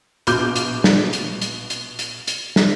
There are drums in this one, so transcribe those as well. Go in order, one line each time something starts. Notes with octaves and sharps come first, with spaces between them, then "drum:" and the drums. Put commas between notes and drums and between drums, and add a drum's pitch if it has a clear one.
A#1 B2 F4 D6 G6, drum: hi-hat
drum: hi-hat
drum: snare
drum: hi-hat
drum: hi-hat
drum: hi-hat
drum: hi-hat
drum: hi-hat
drum: snare